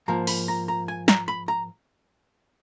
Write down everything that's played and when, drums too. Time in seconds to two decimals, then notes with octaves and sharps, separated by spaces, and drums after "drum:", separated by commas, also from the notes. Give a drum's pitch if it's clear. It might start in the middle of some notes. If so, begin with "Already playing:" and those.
0.08 G#2 F3 A#3 A#5
0.27 B5, drum: open hi-hat
0.48 A#5
0.68 A#5
0.88 G#5
1.08 A#5, drum: snare
1.28 B5
1.48 A#5